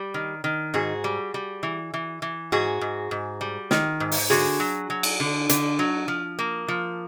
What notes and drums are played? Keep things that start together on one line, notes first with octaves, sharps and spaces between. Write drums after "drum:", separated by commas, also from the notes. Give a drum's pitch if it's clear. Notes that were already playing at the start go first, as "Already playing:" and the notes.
Already playing: G3
D#3
D#3
G#2 F#4 G#4
G3
G3
E3
E3
E3
G#2 F#4 G#4
G#2
G#2
G3
D#3, drum: snare
G#2
drum: open hi-hat
D3 F#4 G#4
F#3
F#3
drum: cymbal
D3
D3, drum: hi-hat
F#3
F3
A#3
F3